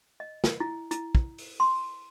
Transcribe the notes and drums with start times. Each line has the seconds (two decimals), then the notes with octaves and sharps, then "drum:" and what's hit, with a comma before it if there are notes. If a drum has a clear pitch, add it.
0.20 D#5
0.44 drum: snare
0.60 E4
0.91 E4, drum: hi-hat
1.15 drum: kick
1.38 drum: open hi-hat
1.60 C6